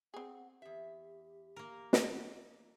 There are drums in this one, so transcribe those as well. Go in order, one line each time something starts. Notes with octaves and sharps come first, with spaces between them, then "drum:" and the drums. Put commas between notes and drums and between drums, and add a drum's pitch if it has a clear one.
C4 G#4 F#5
E2 G4 E5
A#3 A#4
drum: snare